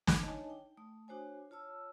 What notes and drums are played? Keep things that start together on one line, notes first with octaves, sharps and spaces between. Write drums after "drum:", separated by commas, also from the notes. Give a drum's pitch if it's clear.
drum: snare
D4 D#4 C#5 D#5 G#5 A5
G5
A3 D#6
D4 F#4 C5 C#5 G#5
F4 C#5 A5 E6